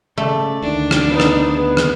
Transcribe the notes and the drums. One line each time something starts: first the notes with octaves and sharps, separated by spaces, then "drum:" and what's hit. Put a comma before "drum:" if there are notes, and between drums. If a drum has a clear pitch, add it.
C#3 A3 D5
D2 D#3 D4
drum: rim click
B3 D#4
drum: rim click
B3 G#4
drum: rim click